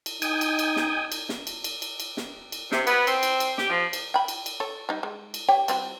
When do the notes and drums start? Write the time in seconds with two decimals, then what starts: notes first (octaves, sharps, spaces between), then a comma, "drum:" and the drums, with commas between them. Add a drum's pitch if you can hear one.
0.06 drum: cymbal
0.22 D#4 G5 G#5 D#6, drum: cymbal
0.41 drum: cymbal
0.59 drum: cymbal
0.76 drum: snare
1.12 drum: cymbal
1.29 drum: snare
1.47 drum: cymbal
1.64 drum: cymbal
1.82 drum: cymbal
2.00 drum: cymbal
2.17 drum: snare
2.52 drum: cymbal
2.72 C3, drum: snare
2.87 B3, drum: cymbal
3.07 C4, drum: cymbal
3.23 drum: cymbal
3.40 drum: cymbal
3.58 G4, drum: snare
3.70 F3
3.93 drum: cymbal
4.14 G5 B5
4.28 drum: cymbal
4.46 drum: cymbal
4.60 A4 C#5
4.89 G3 D#4
5.03 G#3
5.34 drum: cymbal
5.48 G4 C#5 G5
5.68 G3 C4 F#4, drum: cymbal